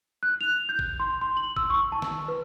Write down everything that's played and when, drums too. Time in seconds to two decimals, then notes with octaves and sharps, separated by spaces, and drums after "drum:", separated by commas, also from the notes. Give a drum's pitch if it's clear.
0.23 F#6
0.41 F7
0.69 G6
0.79 drum: kick G#1
1.00 C6
1.21 C6
1.37 F#7
1.56 E6, drum: kick G#1
1.70 C#6
1.92 A5
2.02 drum: snare
2.28 B4